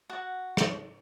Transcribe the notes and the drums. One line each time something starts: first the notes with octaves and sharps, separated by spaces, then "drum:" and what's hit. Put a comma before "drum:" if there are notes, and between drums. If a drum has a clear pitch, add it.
F#4 F#5
drum: rim click